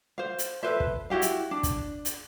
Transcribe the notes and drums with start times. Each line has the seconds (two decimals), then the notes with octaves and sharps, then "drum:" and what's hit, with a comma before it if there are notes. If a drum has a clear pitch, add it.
0.18 C5 F5
0.39 drum: hi-hat
0.63 A4 B4 C5 E5
0.80 drum: kick
1.10 E4 F#4 G4 F5
1.22 drum: hi-hat
1.51 D4
1.63 drum: kick, hi-hat
2.05 drum: hi-hat